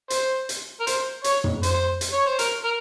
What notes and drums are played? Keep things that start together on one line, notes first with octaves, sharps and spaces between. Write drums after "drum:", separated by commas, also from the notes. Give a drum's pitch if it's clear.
C5, drum: hi-hat
drum: hi-hat
A#4
C5, drum: hi-hat
C#5, drum: hi-hat
drum: tom
C5, drum: hi-hat
drum: hi-hat
C#5
C5
A#4, drum: hi-hat
A#4